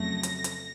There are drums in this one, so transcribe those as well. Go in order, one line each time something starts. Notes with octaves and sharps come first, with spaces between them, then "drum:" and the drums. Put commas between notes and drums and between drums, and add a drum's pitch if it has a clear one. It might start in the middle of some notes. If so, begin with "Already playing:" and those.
Already playing: F2 C#3 F#3 A3 A#6
drum: hi-hat
drum: hi-hat